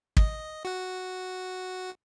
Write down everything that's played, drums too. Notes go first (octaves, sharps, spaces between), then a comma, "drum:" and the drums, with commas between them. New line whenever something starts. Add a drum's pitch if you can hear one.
D#5, drum: kick
F#4 F#5